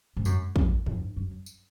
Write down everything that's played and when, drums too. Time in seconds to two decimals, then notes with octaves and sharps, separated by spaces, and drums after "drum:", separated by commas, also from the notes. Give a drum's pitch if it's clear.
0.16 G#2
0.25 F#2, drum: tambourine
0.56 F2, drum: kick
0.86 F2, drum: tom
1.16 F#2
1.46 drum: tambourine